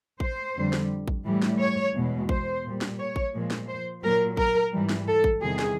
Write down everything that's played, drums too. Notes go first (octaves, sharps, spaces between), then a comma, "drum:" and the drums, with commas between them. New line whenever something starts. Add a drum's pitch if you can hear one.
C5, drum: kick A1
F2 D3 G3
drum: snare
drum: kick A1
A2 E3 G3
drum: snare
C#5
E2 B2 G#3
C5, drum: kick A1
A#2 G3
drum: snare
C#5
drum: kick A1
A#2 F3 G#3
drum: snare
C5
A#2 F#3 A#4
A#4, drum: kick A1
G#2 E3 G3
drum: snare
A4
drum: kick A1
E2 C3 D#3 G3 G#4
drum: snare